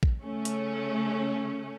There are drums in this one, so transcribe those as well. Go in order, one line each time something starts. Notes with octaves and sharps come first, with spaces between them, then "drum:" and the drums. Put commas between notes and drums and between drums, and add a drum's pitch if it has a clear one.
drum: kick A#1
C#3 A3 C#4
drum: hi-hat